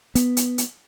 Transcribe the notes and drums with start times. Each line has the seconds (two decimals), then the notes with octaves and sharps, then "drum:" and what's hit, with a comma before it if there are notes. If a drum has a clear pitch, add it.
0.15 B3, drum: hi-hat
0.37 drum: hi-hat
0.58 drum: hi-hat